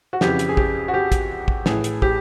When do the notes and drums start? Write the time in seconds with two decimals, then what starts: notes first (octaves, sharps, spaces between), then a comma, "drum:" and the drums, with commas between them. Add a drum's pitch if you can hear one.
0.13 F#4
0.21 F2 C#3 E3 G4, drum: snare
0.39 drum: hi-hat
0.49 G#4
0.57 G4, drum: kick
0.88 F#4
0.94 G4
1.12 drum: kick, hi-hat
1.48 drum: kick
1.66 A2 E3 G#4, drum: snare
1.84 drum: hi-hat
2.02 G4, drum: kick